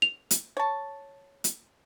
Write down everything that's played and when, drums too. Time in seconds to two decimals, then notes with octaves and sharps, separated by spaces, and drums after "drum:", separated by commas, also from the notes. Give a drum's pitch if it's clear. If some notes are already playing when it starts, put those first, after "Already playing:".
0.02 F7
0.31 drum: hi-hat
0.57 C#5 A5
1.44 drum: hi-hat